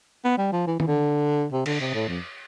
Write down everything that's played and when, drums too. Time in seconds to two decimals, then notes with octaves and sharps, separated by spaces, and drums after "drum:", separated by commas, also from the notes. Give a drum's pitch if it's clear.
0.24 B3
0.38 G3
0.52 F3
0.67 E3
0.80 E3, drum: tom
0.87 D3
1.52 C3
1.66 D3, drum: cymbal
1.80 C3
1.94 A2
2.08 F2